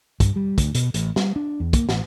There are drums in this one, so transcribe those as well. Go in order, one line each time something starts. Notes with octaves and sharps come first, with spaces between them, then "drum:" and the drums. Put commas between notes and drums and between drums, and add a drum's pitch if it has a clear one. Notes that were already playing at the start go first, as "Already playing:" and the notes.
G2, drum: kick, hi-hat
G3
D2, drum: kick, hi-hat
B2, drum: hi-hat
A1, drum: hi-hat
G3, drum: snare
D4
E2
A#3, drum: kick, hi-hat
A1, drum: snare